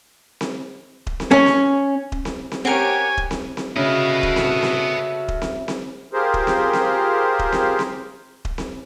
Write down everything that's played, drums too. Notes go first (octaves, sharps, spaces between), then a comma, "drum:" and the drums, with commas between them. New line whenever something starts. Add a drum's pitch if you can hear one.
drum: snare C4
drum: kick D#1
drum: snare C4
C#4
drum: snare C4
drum: kick D#1
drum: snare C4
drum: snare C4
C4 C#4 G4 A#4 C#5 F#5 G#5 D7
drum: kick D#1
drum: snare C4
drum: snare C4
C#3 F#4 A4 B4 D#5 E5
drum: kick D#1
drum: snare C4
drum: snare C4
drum: kick D#1
drum: snare C4
drum: snare C4
F4 G4 G#4 A#4 C5
drum: kick D#1
drum: snare C4
drum: snare C4
drum: kick D#1
drum: snare C4
drum: snare C4
drum: kick D#1
drum: snare C4